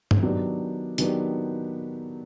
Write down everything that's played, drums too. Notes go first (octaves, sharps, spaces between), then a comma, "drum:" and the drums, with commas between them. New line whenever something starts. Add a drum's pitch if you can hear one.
drum: tom
D#3 F#3 B3 D4 G4
D#3 F#3 B3 D4 G4, drum: hi-hat